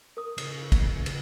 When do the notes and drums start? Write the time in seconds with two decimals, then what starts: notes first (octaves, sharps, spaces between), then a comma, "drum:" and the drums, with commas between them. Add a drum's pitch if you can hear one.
0.17 A#4 D#6
0.38 C#3, drum: cymbal
0.72 drum: kick, cymbal
1.06 drum: cymbal